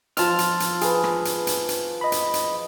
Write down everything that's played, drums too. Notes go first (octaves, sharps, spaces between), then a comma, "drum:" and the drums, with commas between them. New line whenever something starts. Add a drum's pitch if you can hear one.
F3 A5 C6 E6 F6, drum: hi-hat
drum: hi-hat
drum: hi-hat
G#4 B4, drum: hi-hat
drum: rim click
drum: hi-hat
drum: hi-hat
drum: hi-hat
D#5 B5
drum: hi-hat
drum: hi-hat